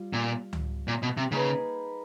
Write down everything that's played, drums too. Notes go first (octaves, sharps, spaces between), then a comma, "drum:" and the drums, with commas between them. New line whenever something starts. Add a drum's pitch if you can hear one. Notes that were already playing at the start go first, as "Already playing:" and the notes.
Already playing: G3 F4
A#2
drum: tom C#2
A#2
B2
C3
C#3 A#3 D#4 G#4 B4